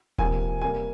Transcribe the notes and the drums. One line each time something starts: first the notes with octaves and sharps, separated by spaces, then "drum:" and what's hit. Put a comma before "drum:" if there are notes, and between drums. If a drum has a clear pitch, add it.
C3 F3 A#3 G#5, drum: kick D#1
C3 G3 A#3 G#5